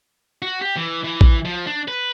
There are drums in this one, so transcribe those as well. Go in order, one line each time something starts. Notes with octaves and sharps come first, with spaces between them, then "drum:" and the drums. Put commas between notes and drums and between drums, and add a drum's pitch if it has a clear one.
F#4
G4
E3
E3
drum: kick
F3
D4
B4